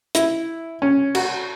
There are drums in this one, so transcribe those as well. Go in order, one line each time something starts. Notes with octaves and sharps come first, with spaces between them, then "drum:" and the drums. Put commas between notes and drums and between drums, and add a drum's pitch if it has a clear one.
E4, drum: hi-hat
C#4
F#4, drum: cymbal